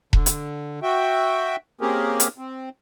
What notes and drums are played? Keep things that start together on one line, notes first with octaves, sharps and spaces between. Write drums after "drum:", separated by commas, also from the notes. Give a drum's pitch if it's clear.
D3, drum: kick E1
drum: hi-hat
F#4 E5 G5
A#3 C4 C#4 G4 G#4 A#4
drum: hi-hat
C4